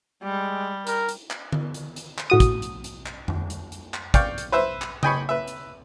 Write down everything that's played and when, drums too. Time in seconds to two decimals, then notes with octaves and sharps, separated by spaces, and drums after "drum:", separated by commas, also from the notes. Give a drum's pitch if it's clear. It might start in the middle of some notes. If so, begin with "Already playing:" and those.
0.23 G3 G#3
0.87 A#4, drum: hi-hat
1.09 drum: hi-hat
1.31 drum: clap
1.52 drum: tom D3
1.74 drum: hi-hat
1.96 drum: hi-hat
2.18 drum: clap
2.30 A2 F#4 D#6
2.40 drum: kick, hi-hat
2.62 drum: hi-hat
2.84 drum: hi-hat
3.06 drum: clap
3.28 drum: tom F2
3.50 drum: hi-hat
3.72 drum: hi-hat
3.94 drum: clap
4.14 D5 F5 G5 C#6, drum: kick, hi-hat
4.38 drum: hi-hat
4.52 B4 C5 E5
4.82 drum: clap
5.03 D#5 G5 G#5 B5 C#6, drum: tom C#3
5.29 B4 E5
5.48 drum: hi-hat